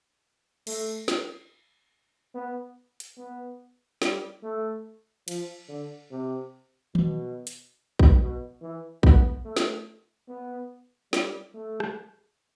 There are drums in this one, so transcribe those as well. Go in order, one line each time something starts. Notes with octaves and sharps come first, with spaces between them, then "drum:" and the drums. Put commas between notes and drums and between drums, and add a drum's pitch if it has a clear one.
A3, drum: cymbal
drum: snare
B3
drum: hi-hat
B3
G3, drum: snare
A3
F3, drum: cymbal
D3
C3
B2, drum: tom D#3
drum: hi-hat
drum: kick
B2
E3
B3, drum: kick
A3
drum: snare
B3
G3, drum: snare
A3
drum: rim click